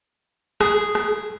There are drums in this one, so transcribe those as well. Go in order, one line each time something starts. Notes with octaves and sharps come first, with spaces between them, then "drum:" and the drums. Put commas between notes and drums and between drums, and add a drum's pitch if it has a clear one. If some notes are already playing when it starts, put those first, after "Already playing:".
G#4, drum: rim click
drum: rim click